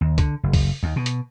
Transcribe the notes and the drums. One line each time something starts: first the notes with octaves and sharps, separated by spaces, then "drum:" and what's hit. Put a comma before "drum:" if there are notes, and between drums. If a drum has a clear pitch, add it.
D#2
D3, drum: kick, hi-hat
F#1
drum: kick, open hi-hat
D#2
B2
drum: hi-hat